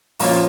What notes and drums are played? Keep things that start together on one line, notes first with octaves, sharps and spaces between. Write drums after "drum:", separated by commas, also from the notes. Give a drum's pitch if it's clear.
A#2 F3 A#3 C#4 F4, drum: open hi-hat